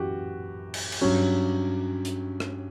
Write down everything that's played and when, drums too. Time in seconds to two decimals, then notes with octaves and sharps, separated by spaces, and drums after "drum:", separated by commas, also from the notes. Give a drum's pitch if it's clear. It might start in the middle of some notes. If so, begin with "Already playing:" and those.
Already playing: F#2 E3 F#4 G4
0.74 drum: cymbal
0.92 drum: cymbal
1.01 G2 F#3 C#4
2.05 drum: hi-hat
2.40 drum: rim click